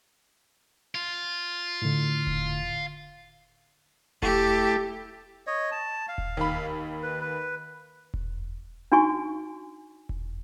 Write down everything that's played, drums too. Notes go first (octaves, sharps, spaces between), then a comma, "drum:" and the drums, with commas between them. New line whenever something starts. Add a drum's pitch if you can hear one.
F4
A2 D3
drum: kick E1
A3 E4 G4 A4, drum: kick E1
C#5 D#5
A5
F5
drum: kick E1
D#2 B5
B4
B4
drum: kick E1
D4 D#4 F#4 G#5 C#6
drum: kick E1